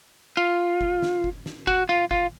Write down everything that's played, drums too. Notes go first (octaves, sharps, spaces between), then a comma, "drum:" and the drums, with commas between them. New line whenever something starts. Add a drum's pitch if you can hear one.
F4
drum: kick F#1
drum: snare
drum: kick F#1
drum: snare
F#4, drum: kick F#1
F4
F4, drum: kick F#1